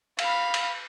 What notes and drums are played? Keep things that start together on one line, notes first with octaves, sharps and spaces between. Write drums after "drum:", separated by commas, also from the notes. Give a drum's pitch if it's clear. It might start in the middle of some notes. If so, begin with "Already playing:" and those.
F5 B5, drum: cymbal
drum: cymbal